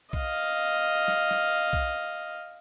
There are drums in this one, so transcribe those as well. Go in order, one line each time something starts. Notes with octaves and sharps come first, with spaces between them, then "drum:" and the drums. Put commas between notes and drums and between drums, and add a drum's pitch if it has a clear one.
D#5 F5, drum: kick B1
drum: snare
drum: snare
drum: kick B1